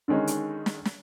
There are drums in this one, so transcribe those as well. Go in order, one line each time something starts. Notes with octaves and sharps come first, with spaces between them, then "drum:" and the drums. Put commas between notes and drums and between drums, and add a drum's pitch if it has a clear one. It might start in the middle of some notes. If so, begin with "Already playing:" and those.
D3 D#3 G#3 C#4 D#4
drum: hi-hat
drum: snare
drum: snare